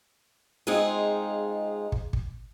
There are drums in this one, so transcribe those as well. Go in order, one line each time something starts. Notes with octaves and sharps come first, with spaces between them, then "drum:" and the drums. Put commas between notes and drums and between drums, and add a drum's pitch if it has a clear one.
G#3 C4 D#4 F4 G#4
drum: kick
drum: kick